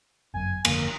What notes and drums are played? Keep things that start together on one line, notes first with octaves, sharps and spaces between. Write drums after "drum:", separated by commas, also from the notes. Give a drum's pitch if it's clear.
G1 F#2 G#5
G1 F2 D3 A#3, drum: cymbal